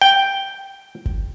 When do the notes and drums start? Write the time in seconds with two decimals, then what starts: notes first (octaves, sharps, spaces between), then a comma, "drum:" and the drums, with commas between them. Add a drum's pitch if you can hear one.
0.01 G5
1.06 drum: kick G1